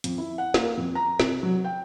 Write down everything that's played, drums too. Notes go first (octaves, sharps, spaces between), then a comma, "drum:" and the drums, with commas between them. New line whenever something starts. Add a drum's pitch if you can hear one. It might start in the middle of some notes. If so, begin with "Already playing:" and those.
F2, drum: hi-hat
E4
F#5
A#3, drum: snare
F2
A#5
C3, drum: snare
F#3
G5